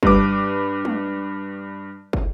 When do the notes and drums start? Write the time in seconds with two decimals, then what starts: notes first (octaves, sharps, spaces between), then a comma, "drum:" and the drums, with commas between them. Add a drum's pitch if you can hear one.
0.03 G2 B4 D6, drum: kick
0.85 drum: tom G#3
2.13 drum: kick